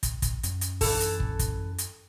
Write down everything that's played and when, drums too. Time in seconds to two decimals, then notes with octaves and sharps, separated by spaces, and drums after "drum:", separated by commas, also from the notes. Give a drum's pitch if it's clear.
0.03 drum: kick, hi-hat
0.22 drum: kick, hi-hat
0.43 F#2, drum: hi-hat
0.61 drum: hi-hat
0.81 E3 A4, drum: kick, open hi-hat
1.00 drum: hi-hat
1.20 drum: kick
1.39 drum: kick, hi-hat
1.78 drum: hi-hat